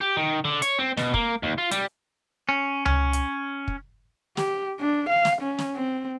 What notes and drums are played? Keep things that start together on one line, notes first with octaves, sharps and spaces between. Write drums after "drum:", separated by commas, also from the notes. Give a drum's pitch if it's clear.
G4
D#3
D3
C#5, drum: hi-hat
C4
B2, drum: snare
A#3, drum: kick
D#2
F4
G3, drum: hi-hat
C#4
C#4, drum: tom C#2
drum: hi-hat
drum: kick
G4, drum: snare
D4
F5
drum: snare
C#4
drum: snare
C4